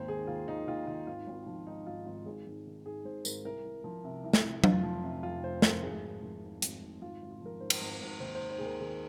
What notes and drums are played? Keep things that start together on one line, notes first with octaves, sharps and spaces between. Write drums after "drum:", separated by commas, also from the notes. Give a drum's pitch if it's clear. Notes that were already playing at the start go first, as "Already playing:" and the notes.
Already playing: G#1 D#2 C5
D#3 G#4
D#2 F4
D#3 D#4
D#2 F4
D#3 F4
G#1 F4
G#1
F3
G#2 D#4
G#1 F4
G#1 F4
G#1 G#4
G#1
D#3
G#2 G#4
G#1 C5
G#1 A#4, drum: tambourine
C2 A#4
C2
F3
C3
C2
drum: snare
C2
F1 F4, drum: tom F#3
F3
C3
F2 F4
F1 C5
F3 A#4, drum: snare
G#1 G#4
G#1
F3
G#2
G#1, drum: hi-hat
G#1
G#1 F4
G#1
F4
F3 A#4
G#2 C5
drum: cymbal
G#1
G#1
D#2 C5
C5
D#3
C5
D#2 G#4
A#4
D#3 G#4